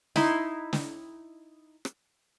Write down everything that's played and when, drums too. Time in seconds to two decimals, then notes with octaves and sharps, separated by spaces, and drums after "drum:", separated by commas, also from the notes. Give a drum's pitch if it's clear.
0.16 D#4 E4 B5 C6, drum: snare
0.73 drum: snare
1.85 drum: rim click